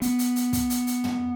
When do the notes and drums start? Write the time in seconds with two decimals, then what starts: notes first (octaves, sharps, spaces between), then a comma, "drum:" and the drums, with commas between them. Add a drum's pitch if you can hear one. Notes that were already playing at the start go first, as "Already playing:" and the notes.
0.02 B3, drum: hi-hat
0.19 drum: hi-hat
0.36 drum: hi-hat
0.53 drum: kick, hi-hat
0.70 drum: hi-hat
0.87 drum: hi-hat
1.04 drum: tom